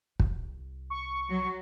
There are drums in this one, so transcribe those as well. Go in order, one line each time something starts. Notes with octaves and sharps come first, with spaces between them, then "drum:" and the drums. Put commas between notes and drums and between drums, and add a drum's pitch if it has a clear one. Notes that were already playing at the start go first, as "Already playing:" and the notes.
C2, drum: kick
C#6
F#3